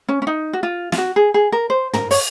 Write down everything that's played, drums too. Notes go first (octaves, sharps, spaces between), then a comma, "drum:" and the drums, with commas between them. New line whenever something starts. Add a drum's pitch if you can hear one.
C#4
C#4
D#4
F#4
F4
F4, drum: snare
F#4
G#4
G#4
A#4
C5
A#4, drum: tom
C#5, drum: open hi-hat